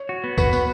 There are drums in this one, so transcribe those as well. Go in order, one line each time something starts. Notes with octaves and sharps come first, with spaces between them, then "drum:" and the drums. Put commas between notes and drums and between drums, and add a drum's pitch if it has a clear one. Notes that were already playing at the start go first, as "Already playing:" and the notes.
Already playing: C#5
F#4
B3
F#4 B4, drum: kick, tambourine
B3, drum: tambourine